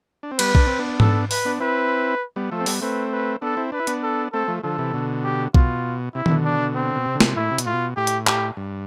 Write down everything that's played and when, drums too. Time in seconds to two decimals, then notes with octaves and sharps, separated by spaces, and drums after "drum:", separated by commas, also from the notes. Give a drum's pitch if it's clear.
0.23 D4
0.31 C4
0.39 G3 B3 B4, drum: cymbal
0.55 D4, drum: kick B1
0.67 C4
0.79 B3 D4
1.00 A4, drum: tom G#2
1.31 B4, drum: open hi-hat
1.45 B3 D4
1.60 C4 E4 B4
2.36 G3 B3
2.51 F3 A3 A4
2.60 C4
2.66 G3 B3, drum: open hi-hat
2.82 A3 C4 B4
3.12 B4
3.42 B3 D4 A4
3.57 C4 E4
3.72 D4 B4
3.80 E4
3.87 B3 D4, drum: hi-hat
4.03 A4
4.33 A3 C4 A4
4.48 F3 A3
4.63 D3 F3 A4
4.78 C3 E3
4.93 B2 D3
5.24 G4
5.54 B2 F4, drum: kick B1
6.15 C3 E4
6.26 C3, drum: tom D#3
6.30 B2 D3
6.45 D4
6.75 C4
6.95 B2
7.06 C3
7.15 D3
7.20 C3, drum: snare
7.36 A2 E4
7.51 C3
7.58 B2, drum: hi-hat
7.66 A2 F4
7.73 B2
7.97 A2 G4
8.07 drum: hi-hat
8.27 G4, drum: clap
8.57 G2